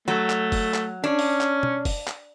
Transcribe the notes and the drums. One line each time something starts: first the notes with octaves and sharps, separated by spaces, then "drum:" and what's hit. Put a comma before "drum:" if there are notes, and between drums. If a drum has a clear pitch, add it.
F#3 A3
drum: clap
drum: kick F#1, open hi-hat
drum: clap
C#4 D4
drum: open hi-hat
drum: clap
drum: tom
drum: kick F#1, open hi-hat
drum: clap